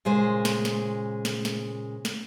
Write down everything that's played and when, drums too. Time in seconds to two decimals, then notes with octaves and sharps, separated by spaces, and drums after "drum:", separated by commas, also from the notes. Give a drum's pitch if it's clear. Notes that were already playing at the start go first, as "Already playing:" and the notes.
0.05 A#2 C#3 G#3 C5
0.45 drum: snare
0.65 drum: snare
1.25 drum: snare
1.45 drum: snare
2.05 drum: snare